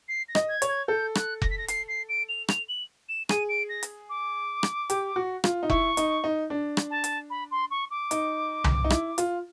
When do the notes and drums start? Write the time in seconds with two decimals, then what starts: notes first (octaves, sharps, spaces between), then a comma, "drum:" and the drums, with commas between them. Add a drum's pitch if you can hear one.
0.09 C7
0.29 A#6
0.35 D#5, drum: rim click
0.49 G#6
0.62 C#5, drum: hi-hat
0.69 G#6
0.88 A4 G6
1.15 F#6, drum: rim click
1.42 A#6, drum: kick F1
1.51 B6
1.58 A#6
1.68 C7, drum: hi-hat
1.88 C7
2.09 D7
2.29 F7
2.48 F7, drum: rim click
2.69 F#7
3.09 E7
3.29 G#4 D#7, drum: rim click
3.49 D7
3.69 A#6
3.83 drum: hi-hat
4.10 D6
4.63 drum: rim click
4.90 G4, drum: hi-hat
5.16 F#4
5.44 F4, drum: rim click
5.63 D#4
5.70 E4 C#6, drum: kick F1
5.97 D#4, drum: hi-hat
6.24 D#4
6.50 D4
6.77 drum: rim click
6.91 A5
7.04 drum: hi-hat
7.30 B5
7.51 C6
7.71 C#6
7.91 D6
8.11 D#4, drum: hi-hat
8.64 drum: tom C2
8.84 D#4
8.90 E4, drum: rim click
9.18 F4, drum: hi-hat